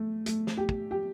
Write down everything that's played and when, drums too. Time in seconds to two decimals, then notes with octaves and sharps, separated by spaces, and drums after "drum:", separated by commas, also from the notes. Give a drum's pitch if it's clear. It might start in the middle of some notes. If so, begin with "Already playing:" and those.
Already playing: A3
0.26 A3, drum: hi-hat
0.47 drum: snare
0.57 G4
0.69 drum: kick
0.91 G4